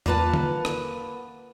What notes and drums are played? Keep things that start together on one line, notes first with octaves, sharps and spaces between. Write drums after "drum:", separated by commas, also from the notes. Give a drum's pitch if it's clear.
A#3 F4 B4 F#5 A5, drum: tom E2
drum: tom D3
drum: rim click